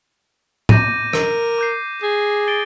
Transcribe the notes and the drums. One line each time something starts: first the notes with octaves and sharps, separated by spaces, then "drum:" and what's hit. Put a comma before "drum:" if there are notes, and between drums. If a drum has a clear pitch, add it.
D6 G6 A#6 D#7, drum: tom
A#4, drum: rim click
D6 G6 C7
G#4
A6 D7 G7